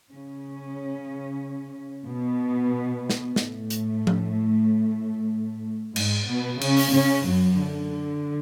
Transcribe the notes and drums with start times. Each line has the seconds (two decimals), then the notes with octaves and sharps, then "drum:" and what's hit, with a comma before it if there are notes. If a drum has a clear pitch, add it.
0.11 C#3 C#4
2.06 B2 B3
3.10 drum: snare
3.36 A2 A3, drum: snare
3.70 drum: hi-hat
4.07 drum: tom F3
5.96 G#2 G#3, drum: cymbal
6.28 B2 B3
6.61 C#3 C#4, drum: cymbal
6.77 drum: open hi-hat
6.93 C#3 C#4
7.26 F#2 F#3
7.59 D3